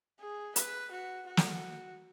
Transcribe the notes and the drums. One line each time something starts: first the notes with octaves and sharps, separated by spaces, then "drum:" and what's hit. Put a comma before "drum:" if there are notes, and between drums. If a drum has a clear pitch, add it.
G#4
B4, drum: hi-hat
F#4
F#4
drum: snare